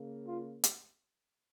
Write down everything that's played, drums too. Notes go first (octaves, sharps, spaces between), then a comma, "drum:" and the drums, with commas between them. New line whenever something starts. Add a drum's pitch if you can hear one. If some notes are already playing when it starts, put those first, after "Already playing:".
Already playing: C#3 A#3
F4
drum: hi-hat